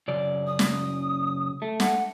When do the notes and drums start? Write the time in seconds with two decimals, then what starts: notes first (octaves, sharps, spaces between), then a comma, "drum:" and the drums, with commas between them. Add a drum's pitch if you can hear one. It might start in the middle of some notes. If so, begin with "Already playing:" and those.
0.08 F#2 C#3 D5
0.47 D#6
0.59 drum: snare
1.62 A3
1.80 F#5, drum: snare